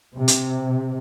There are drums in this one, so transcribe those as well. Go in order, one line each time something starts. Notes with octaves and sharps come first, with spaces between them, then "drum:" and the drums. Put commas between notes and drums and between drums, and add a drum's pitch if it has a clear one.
C3
drum: hi-hat